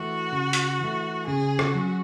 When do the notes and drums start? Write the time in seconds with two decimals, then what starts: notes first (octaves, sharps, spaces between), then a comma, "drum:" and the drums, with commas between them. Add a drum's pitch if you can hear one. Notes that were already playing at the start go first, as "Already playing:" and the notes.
Already playing: E3 A3 F#4
0.32 C#3
0.53 drum: hi-hat
0.80 E3 A3
1.27 C#3 G#4
1.59 F#4, drum: rim click
1.74 F#3 C#4 G#4